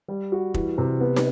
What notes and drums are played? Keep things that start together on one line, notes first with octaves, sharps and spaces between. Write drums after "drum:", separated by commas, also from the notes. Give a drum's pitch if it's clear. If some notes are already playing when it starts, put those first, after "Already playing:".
G3
F#4
E3, drum: kick
C3
B3
drum: snare